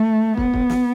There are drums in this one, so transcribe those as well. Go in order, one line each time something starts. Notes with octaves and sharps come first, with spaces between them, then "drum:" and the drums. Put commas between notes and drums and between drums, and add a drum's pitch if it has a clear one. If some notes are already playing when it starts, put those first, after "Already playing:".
Already playing: A3
B3, drum: kick
drum: kick
drum: snare